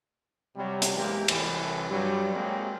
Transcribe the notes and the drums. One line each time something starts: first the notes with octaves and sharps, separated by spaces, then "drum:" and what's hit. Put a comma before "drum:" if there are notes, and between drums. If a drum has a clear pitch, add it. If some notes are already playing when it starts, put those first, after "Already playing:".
C3 F#3 G3
drum: hi-hat
E2 G#2 G#3 A#3 C4 G4
C2 A2 E3, drum: cymbal
G2 F#3 G3
F#3 G#3 A#3 C4